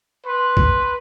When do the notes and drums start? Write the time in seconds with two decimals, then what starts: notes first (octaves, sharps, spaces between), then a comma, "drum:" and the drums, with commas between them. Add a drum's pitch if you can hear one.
0.25 B4 C6
0.57 drum: kick